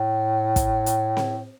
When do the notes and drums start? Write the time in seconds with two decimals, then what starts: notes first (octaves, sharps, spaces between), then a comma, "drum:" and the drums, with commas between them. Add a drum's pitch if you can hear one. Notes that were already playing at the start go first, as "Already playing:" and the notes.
Already playing: A2
0.56 drum: kick, hi-hat
0.86 drum: hi-hat
1.17 drum: snare C4